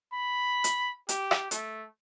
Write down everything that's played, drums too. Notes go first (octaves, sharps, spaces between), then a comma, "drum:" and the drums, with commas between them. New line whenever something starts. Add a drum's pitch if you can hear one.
B5
drum: hi-hat
G4, drum: hi-hat
drum: rim click
A3, drum: hi-hat